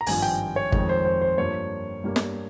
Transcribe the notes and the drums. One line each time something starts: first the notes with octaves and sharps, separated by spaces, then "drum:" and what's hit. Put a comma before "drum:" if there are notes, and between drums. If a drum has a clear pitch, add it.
A#5
G#1 G2 F3 G#5, drum: open hi-hat
G5
C#5
F2 D#3 G#3 C#5, drum: kick
C5
C5
C5
G2 F3 A#3 C#5
G2 G3 A#3
drum: snare